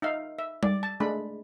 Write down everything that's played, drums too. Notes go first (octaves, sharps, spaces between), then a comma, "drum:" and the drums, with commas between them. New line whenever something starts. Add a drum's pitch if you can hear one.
D#4 E5 F5
E5
D5, drum: tom G3
A5
G#3 A3 D4 B5